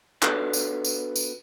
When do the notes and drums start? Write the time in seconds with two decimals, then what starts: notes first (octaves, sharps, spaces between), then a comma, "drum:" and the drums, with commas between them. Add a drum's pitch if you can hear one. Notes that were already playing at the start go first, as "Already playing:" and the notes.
0.22 B3 D4 F#4 A4 B4, drum: clap
0.53 drum: tambourine
0.85 drum: tambourine
1.16 drum: tambourine